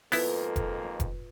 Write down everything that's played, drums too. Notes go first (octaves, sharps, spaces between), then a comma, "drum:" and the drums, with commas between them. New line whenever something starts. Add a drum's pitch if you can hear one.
F2 G#2 A#3 B3 E4 F4 A4 B4, drum: open hi-hat
drum: kick F1, hi-hat
drum: kick F1, hi-hat